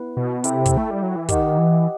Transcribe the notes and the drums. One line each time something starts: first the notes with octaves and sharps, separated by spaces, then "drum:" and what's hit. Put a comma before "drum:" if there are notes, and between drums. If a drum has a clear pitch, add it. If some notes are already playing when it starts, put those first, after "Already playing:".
Already playing: B3 E4 B4
B2
C3 E4 A4 E5 G5, drum: hi-hat
drum: kick, hi-hat
A3
G3
F#3
E3
D#3 G4 D#5 F#5, drum: kick, hi-hat
E3